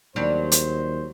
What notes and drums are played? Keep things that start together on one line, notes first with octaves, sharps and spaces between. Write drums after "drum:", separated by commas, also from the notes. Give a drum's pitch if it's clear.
D#2 F#3 G3 D4 C5
drum: hi-hat